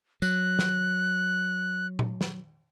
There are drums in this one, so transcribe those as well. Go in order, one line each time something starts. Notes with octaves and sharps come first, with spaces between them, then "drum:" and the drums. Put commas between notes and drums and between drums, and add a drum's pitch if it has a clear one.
F#3 F#6, drum: tambourine
drum: snare
drum: tom A#2
drum: snare